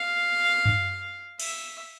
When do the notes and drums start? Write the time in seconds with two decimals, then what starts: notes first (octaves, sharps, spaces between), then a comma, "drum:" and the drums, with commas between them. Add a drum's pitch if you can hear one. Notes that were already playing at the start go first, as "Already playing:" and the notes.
Already playing: F5
0.65 drum: tom F#2
1.40 E5, drum: cymbal